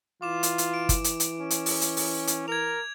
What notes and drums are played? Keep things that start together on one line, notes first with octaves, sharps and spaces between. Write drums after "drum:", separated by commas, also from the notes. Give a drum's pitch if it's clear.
E3 F4 D6 E7
drum: hi-hat
drum: hi-hat
D7
drum: kick, hi-hat
drum: hi-hat
drum: hi-hat
C#4
drum: hi-hat
drum: open hi-hat
drum: hi-hat
drum: open hi-hat
drum: hi-hat
A#4 G#6 F7